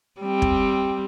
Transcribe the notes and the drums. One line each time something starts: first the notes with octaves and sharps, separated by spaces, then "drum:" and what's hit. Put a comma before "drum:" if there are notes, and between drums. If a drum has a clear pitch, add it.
G3 C4
drum: kick